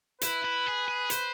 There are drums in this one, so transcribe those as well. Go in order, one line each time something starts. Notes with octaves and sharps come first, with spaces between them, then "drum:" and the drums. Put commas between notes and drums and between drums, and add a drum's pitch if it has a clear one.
E4 B4, drum: hi-hat
E4
G#4
G#4
C5, drum: hi-hat